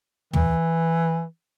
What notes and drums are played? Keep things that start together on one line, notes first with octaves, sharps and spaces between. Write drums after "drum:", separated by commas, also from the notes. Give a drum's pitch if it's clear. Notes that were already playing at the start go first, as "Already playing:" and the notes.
E3, drum: tom